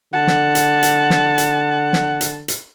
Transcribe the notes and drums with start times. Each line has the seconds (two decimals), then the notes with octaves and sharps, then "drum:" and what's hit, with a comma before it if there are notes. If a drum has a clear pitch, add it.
0.14 D3 F#5 A5
0.27 drum: snare
0.55 drum: hi-hat
0.83 drum: hi-hat
1.10 drum: snare
1.38 drum: hi-hat
1.93 drum: snare
2.21 drum: hi-hat
2.48 drum: hi-hat